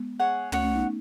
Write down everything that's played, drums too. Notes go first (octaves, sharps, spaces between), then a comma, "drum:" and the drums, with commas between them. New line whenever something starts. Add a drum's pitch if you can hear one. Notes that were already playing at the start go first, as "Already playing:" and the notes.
Already playing: G#3 B3
G#4 C#5 F#5
A3 C#4 F#4 C#5 F#5, drum: tom
A3 C#4
B3 D#4